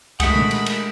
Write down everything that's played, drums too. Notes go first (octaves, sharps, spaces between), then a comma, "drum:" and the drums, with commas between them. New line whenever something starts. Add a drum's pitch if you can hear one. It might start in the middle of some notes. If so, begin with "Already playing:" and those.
G#3 A3 A#4 F#5 B5 D#6 C#7 D7, drum: kick C2, cymbal
drum: tom A#2
drum: cymbal
drum: cymbal